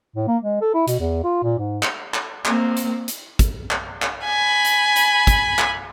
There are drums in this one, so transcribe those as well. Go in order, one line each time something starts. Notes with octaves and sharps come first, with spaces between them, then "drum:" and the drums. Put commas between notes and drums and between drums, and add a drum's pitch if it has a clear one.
A2
A#3
G#3
A4
E4
B2, drum: hi-hat
E2
F4
A#2
G#2
drum: clap
drum: clap
A#3 C4, drum: clap
drum: hi-hat
drum: hi-hat
drum: kick, hi-hat
drum: clap
drum: clap
G#5 B5
drum: hi-hat
drum: hi-hat
drum: kick, hi-hat
drum: clap